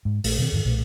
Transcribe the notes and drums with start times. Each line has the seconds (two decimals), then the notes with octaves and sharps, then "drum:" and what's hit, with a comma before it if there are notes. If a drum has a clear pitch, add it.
0.05 G#2
0.24 A#1 A3, drum: open hi-hat
0.38 B2 D#3 G3 C4
0.52 E2 G#2 D#3
0.65 B1 A#2 A3